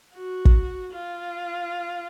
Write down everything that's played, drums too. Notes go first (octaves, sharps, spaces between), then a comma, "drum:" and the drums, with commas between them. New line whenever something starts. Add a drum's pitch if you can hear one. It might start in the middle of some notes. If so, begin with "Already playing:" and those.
F#4
drum: kick
F4